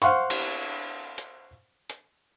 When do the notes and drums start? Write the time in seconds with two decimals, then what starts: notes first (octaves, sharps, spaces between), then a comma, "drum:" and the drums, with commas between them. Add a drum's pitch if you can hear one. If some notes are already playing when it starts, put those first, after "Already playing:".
0.02 C5 F5 F#5 C6 C#6, drum: hi-hat
0.30 drum: cymbal
1.18 drum: hi-hat
1.90 drum: hi-hat